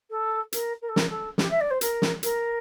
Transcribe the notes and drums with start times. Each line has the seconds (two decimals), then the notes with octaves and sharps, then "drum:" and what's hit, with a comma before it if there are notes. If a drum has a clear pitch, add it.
0.10 A4
0.52 A#4, drum: hi-hat
0.81 A#4
0.88 A4
0.96 A#4, drum: snare
1.09 A4
1.38 G4, drum: snare
1.50 E5
1.60 D5
1.70 C5
1.81 A#4, drum: hi-hat
2.02 drum: snare
2.23 A#4, drum: hi-hat